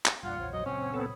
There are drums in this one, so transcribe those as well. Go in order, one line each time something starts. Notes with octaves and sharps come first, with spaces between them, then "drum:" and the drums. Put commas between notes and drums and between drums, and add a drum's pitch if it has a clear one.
drum: clap
F2 A#2 G3 D4 F4 F#5 F#6
A#1 E2 C5 C#5 F#5
F#3 D#5
A#2 C#3 F#3 C4 C#4
B3 C4 A4 C#5 B5 D#6